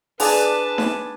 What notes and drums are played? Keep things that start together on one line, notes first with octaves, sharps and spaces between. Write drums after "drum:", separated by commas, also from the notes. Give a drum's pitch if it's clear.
D4 G#4 B4 A5, drum: open hi-hat
drum: snare D#4